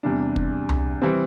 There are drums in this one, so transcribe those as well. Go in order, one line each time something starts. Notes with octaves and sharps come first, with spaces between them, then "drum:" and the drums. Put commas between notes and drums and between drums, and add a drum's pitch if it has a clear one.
E2 C3 G3 D4
drum: kick
drum: tom C2
E3 G3 C4